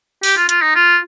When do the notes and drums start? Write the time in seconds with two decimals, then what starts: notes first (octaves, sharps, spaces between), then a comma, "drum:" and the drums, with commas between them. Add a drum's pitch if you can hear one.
0.23 G4, drum: open hi-hat
0.37 F4
0.49 F4, drum: hi-hat
0.62 D#4
0.75 F4